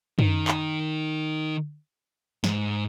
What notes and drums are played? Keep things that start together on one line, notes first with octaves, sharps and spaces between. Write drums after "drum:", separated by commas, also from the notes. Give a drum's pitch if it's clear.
D#3, drum: tom F#2
drum: clap
G#2, drum: snare